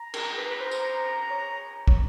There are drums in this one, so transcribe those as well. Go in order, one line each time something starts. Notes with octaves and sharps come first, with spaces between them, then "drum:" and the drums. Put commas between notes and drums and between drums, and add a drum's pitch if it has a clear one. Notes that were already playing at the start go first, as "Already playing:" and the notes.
Already playing: A#5
A#4, drum: cymbal
B4
B4
C5
drum: tambourine
C#5
C#5, drum: kick